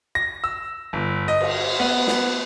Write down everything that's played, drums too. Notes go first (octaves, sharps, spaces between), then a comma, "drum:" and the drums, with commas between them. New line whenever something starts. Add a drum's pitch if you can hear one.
A#6
E6
G1
D#5
drum: cymbal
B3
drum: snare